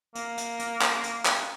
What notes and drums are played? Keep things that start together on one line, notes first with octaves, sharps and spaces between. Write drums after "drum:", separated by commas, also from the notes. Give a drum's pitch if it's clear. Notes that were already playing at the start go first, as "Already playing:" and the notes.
A#3, drum: hi-hat
drum: hi-hat
drum: hi-hat
drum: clap
drum: hi-hat
drum: clap